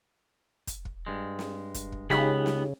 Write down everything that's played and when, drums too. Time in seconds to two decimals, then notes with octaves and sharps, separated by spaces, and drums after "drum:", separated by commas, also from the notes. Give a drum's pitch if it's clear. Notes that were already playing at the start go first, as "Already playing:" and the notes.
0.67 drum: kick, hi-hat
0.85 drum: kick
1.07 G2 G#3
1.39 drum: snare
1.74 drum: kick, hi-hat
1.92 drum: kick
2.10 C#2 C#3 B3 D#4 G4 G#4 B5, drum: snare
2.46 drum: snare